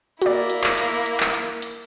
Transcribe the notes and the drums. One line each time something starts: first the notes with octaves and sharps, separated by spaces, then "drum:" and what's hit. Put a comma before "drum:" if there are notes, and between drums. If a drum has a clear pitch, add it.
A#3 E4 F#4 D5, drum: hi-hat
drum: hi-hat
drum: clap
drum: hi-hat
drum: hi-hat
drum: clap
drum: hi-hat
drum: hi-hat